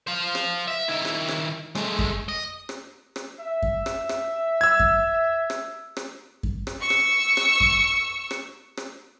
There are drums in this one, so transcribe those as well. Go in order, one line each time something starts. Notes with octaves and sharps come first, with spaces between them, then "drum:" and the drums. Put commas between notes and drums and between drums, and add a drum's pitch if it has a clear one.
C5 F5
drum: rim click
E5
D#3 E4
drum: rim click
drum: rim click
G#3 A3, drum: rim click
drum: kick F#2
D#5
drum: rim click
drum: rim click
E5
drum: kick F#2
drum: rim click
drum: rim click
E6 G#6
drum: kick F#2
drum: rim click
drum: rim click
drum: kick F#2
drum: rim click
C#6 E6
drum: rim click
drum: rim click
drum: kick F#2
drum: rim click
drum: rim click